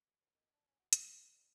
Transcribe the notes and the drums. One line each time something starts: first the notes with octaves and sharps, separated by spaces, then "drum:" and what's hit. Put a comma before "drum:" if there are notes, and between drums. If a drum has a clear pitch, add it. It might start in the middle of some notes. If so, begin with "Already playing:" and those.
C2
D#3
D4
C#4
F#4
E4, drum: hi-hat
C5
B4
D3